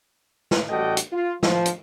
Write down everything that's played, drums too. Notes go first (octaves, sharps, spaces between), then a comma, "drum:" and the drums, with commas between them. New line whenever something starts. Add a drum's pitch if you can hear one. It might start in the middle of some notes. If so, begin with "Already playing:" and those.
drum: snare
A1 G3 F#4 A4 D#5 G5
drum: hi-hat
F4
F3, drum: snare
drum: hi-hat